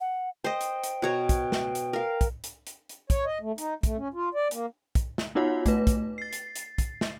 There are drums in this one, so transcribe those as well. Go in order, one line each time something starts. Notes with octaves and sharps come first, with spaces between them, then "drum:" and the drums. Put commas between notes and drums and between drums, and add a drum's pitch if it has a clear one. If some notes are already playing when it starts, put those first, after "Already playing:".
F#5
C5 D#5 G5
drum: hi-hat
drum: hi-hat
B2 C#5 A#5
drum: kick, hi-hat
drum: snare
drum: hi-hat
A#4 F5
drum: kick, hi-hat
drum: hi-hat
drum: hi-hat
drum: hi-hat
C#5, drum: kick, hi-hat
D#5
A3
D#4, drum: hi-hat
A3, drum: kick, hi-hat
C#4
F4
D5
A#3, drum: hi-hat
drum: kick, hi-hat
drum: snare
B3 D#4 F4 F#4 C#5 F#5
A3 B4, drum: kick, hi-hat
drum: kick, hi-hat
A6 C7
drum: hi-hat
drum: hi-hat
drum: kick, hi-hat
drum: snare